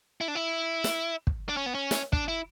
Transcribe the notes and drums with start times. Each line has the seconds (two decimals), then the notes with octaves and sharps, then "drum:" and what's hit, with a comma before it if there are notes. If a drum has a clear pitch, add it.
0.21 E4
0.28 D4
0.35 E4
0.84 drum: snare
1.27 drum: kick
1.49 D4
1.57 C#4
1.66 B3
1.75 C#4
1.91 drum: snare
2.13 D4, drum: kick
2.28 E4